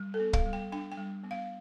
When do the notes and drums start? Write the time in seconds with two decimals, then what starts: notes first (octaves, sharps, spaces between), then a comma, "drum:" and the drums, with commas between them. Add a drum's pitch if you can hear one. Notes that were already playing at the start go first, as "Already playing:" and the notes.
Already playing: G3
0.14 A4
0.20 B3
0.33 F5, drum: kick
0.46 G3
0.53 G5
0.72 D4 G5
0.92 G5
0.98 G3
1.23 B3
1.31 F5